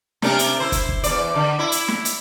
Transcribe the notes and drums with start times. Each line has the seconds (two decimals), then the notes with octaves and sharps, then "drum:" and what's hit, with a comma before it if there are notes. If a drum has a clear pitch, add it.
0.22 C3 D4 A#4, drum: snare
0.39 drum: hi-hat
0.60 E4 C5
0.72 drum: kick, hi-hat
0.89 drum: kick
1.04 E2 D5, drum: hi-hat
1.35 D3
1.59 E4
1.72 drum: hi-hat
1.88 drum: snare
2.05 drum: hi-hat